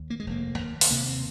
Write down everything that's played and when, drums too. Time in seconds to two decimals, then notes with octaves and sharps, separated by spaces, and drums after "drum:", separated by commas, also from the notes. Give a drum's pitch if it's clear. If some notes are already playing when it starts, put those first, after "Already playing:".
Already playing: D#2
0.10 A#3
0.20 G#3
0.27 F1 A#3
0.58 D#2
0.81 drum: open hi-hat
0.91 C3 A#3
1.08 C4